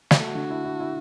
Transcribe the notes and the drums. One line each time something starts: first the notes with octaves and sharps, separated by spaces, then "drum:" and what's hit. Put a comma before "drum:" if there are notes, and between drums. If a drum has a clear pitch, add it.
drum: snare
A3 F#4
D3
E4
E4
E4